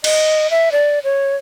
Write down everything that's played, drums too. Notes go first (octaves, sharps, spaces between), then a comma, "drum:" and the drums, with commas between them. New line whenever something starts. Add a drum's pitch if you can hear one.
D#5, drum: cymbal
E5
D5
C#5